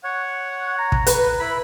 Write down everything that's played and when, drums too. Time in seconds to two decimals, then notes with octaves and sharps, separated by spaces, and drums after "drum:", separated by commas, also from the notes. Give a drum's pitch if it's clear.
0.04 C#5 F#5
0.78 A#5
0.92 drum: kick
1.07 B4, drum: hi-hat
1.40 E4 B5